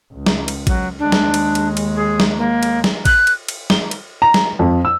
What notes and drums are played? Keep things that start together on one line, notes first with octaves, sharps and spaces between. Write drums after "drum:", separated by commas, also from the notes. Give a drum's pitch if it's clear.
C#2
drum: snare
drum: cymbal
F#3, drum: kick A1, cymbal
D#2 G#3 D4
drum: snare
drum: cymbal
drum: cymbal
drum: cymbal
G#4
drum: snare
A#3
drum: cymbal
drum: snare
F#6, drum: kick A1, cymbal
drum: cymbal
drum: cymbal
G7, drum: snare
drum: cymbal
A#5
drum: snare
F2
E6